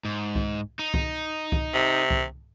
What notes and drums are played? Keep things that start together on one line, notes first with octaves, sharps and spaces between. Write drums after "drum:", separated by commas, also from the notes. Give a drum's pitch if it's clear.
G#2
drum: kick C2
D#4
drum: kick C2
drum: kick C2
C3
drum: kick C2